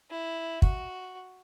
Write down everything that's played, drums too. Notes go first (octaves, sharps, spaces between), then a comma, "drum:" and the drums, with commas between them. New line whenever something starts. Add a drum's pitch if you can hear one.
E4
F#4, drum: kick